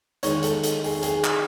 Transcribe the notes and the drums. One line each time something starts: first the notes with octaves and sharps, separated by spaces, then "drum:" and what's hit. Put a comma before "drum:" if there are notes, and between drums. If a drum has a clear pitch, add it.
D#3 G#3 D#4 C#5, drum: hi-hat
A4, drum: hi-hat
drum: hi-hat
G#4, drum: open hi-hat
G#4, drum: hi-hat
drum: clap